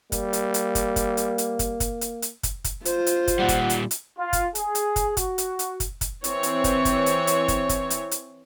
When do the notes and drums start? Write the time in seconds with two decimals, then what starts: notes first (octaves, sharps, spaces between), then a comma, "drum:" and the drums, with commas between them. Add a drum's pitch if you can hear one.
0.12 G3 A#3, drum: kick, hi-hat
0.33 drum: hi-hat
0.54 drum: hi-hat
0.75 drum: kick, hi-hat
0.96 drum: kick, hi-hat
1.17 drum: hi-hat
1.38 drum: hi-hat
1.59 drum: kick, hi-hat
1.80 drum: kick, hi-hat
2.01 drum: hi-hat
2.22 drum: hi-hat
2.43 drum: kick, hi-hat
2.64 drum: kick, hi-hat
2.85 F4 C5, drum: hi-hat
3.06 drum: hi-hat
3.28 drum: kick, hi-hat
3.39 A#2 G3 F#5
3.49 drum: kick, hi-hat
3.70 drum: hi-hat
3.91 drum: hi-hat
4.18 F4
4.33 drum: kick, hi-hat
4.55 G#4, drum: hi-hat
4.75 drum: hi-hat
4.96 drum: kick, hi-hat
5.17 F#4, drum: kick, hi-hat
5.38 drum: hi-hat
5.59 drum: hi-hat
5.80 drum: kick, hi-hat
6.01 drum: kick, hi-hat
6.24 E3 C4 C#5, drum: hi-hat
6.43 drum: hi-hat
6.64 drum: kick, hi-hat
6.85 drum: kick, hi-hat
7.06 drum: hi-hat
7.27 drum: hi-hat
7.48 drum: kick, hi-hat
7.69 drum: kick, hi-hat
7.90 drum: hi-hat
8.11 drum: hi-hat